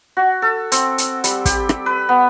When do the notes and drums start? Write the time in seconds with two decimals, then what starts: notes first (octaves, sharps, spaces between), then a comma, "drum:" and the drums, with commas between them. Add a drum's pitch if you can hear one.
0.17 F#4
0.42 A4
0.72 C4, drum: hi-hat
0.98 drum: hi-hat
1.24 G3, drum: hi-hat
1.45 G4, drum: kick, hi-hat
1.69 drum: rim click
1.86 B4
2.09 B3